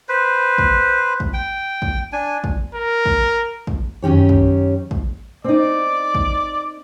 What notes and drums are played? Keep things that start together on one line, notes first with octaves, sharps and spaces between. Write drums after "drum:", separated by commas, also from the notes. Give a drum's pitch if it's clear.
B4 C5
drum: kick
drum: kick
G5
drum: kick
D4 G#5
drum: kick
A#4
drum: kick
drum: kick
F#2 D#3 C#4 G4 C#5
drum: kick
drum: kick
C4 D#4 D5 D6
drum: kick